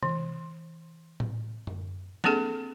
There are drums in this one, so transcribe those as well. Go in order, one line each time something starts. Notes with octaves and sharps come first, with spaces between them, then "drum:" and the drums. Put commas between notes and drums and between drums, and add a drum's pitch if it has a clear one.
E3, drum: tom C3
drum: tom A2
drum: tom F#2
A#3 C4 D4 G#4 A4, drum: snare